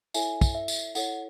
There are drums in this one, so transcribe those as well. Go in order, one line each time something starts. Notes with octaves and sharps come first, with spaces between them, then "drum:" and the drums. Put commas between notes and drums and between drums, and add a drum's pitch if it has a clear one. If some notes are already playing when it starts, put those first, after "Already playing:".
E4 A4 C#5 E5 G#5, drum: tambourine
drum: kick, tambourine
E5
drum: tambourine
E4 A4 C#5 F#5, drum: tambourine